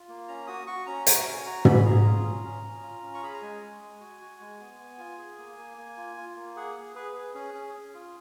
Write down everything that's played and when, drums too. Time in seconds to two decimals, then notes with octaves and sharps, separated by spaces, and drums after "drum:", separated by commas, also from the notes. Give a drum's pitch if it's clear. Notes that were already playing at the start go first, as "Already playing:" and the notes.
Already playing: F4
0.09 A#3
0.28 C#4 A#5
0.47 F#4 D#6
0.67 F#4 C#6
0.86 C#4 A#5
1.07 F#4 A#5, drum: hi-hat
1.26 C#4 G#5
1.46 F#4 A#5
1.65 C#4 B5, drum: tom
1.85 G#4 A#5
2.05 F4
2.24 C#4
2.44 C#4
2.63 C#4
2.83 F4
3.03 C#4
3.14 C#6
3.23 G#4 B5
3.33 A#5
3.42 G#3 G#5
3.61 G#3
3.81 G#3
4.00 F#4
4.21 F#4
4.40 G#3
4.60 B3
4.80 B3
4.99 F4
5.18 G#4
5.38 A#3
5.58 A#3
5.78 A#3
5.97 F4
6.17 F4
6.36 A#3
6.56 G#4 F#5
6.76 G#4
6.95 G#4 B4
7.15 G#4
7.34 C#4 G#4
7.54 C#4
7.73 G#4
7.94 F4